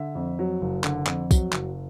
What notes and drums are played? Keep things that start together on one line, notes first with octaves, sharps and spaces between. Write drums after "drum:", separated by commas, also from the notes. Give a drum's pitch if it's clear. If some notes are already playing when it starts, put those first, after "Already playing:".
Already playing: D3 E5
F2
F#3
F#1
D3, drum: clap
F2, drum: clap
F#3, drum: kick, tambourine
F#1, drum: clap